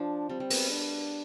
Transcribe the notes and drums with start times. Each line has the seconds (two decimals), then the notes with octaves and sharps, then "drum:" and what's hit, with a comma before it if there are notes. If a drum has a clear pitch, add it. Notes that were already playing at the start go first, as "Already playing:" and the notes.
Already playing: F3 D4
0.29 G3 C4
0.40 G3
0.50 B3, drum: open hi-hat
0.71 D4